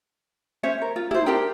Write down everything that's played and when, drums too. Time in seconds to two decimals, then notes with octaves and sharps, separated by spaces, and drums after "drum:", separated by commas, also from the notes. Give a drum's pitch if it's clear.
0.63 C#4 C5 C#5 E5
0.82 A#4
0.96 F4
1.11 E4 C5, drum: tom
1.26 D4 G4 A#4 G5